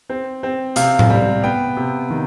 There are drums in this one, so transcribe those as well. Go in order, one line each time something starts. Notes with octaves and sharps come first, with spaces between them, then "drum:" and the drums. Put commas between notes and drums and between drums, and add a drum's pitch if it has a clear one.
C4
C4
C3 F5, drum: hi-hat
drum: tom A2
G3
B3 G5
C3
D#3